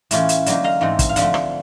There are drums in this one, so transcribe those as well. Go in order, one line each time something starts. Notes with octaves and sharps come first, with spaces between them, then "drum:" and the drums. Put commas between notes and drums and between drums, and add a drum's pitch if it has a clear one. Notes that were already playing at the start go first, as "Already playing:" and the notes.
A2 E3 A3 C#4 F4, drum: hi-hat
drum: hi-hat
D3 F#3 A#3 D#4, drum: hi-hat
D#5 F5
G#2 E3 A3 C4 D#4
drum: kick, hi-hat
F5
D3 F3 A3 E5 F#5, drum: hi-hat
drum: rim click